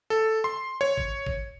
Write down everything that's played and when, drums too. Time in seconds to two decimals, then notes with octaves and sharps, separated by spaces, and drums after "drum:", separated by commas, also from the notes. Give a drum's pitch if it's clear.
0.10 A4
0.44 C6
0.81 C#5
0.97 drum: kick
1.26 drum: kick